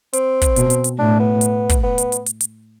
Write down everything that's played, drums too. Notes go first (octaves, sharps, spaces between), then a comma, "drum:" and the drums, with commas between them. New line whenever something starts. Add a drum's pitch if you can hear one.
C4, drum: hi-hat
drum: kick, hi-hat
B2, drum: hi-hat
drum: hi-hat
drum: hi-hat
A2 D4
B3
drum: hi-hat
drum: kick, hi-hat
B3
drum: hi-hat
drum: hi-hat
drum: hi-hat
drum: hi-hat